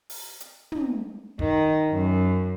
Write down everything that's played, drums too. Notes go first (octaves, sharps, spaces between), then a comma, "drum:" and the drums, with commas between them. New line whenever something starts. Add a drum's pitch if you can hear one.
drum: open hi-hat
drum: hi-hat
drum: tom
D#3, drum: kick
F#2